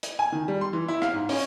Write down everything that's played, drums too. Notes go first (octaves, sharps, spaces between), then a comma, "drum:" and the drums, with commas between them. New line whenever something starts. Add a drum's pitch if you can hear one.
drum: hi-hat
G#5
D#3
G3
C6
E3
E4
F5, drum: rim click
G#2
C#4, drum: open hi-hat